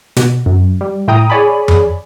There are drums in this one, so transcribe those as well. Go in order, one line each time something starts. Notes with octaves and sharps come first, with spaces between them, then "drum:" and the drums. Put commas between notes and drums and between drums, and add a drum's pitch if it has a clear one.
B2, drum: snare
F#2
G3
A2 E4 G5 A#5 D#6
G#4 C#5 D5 G#5 B5
drum: tom F2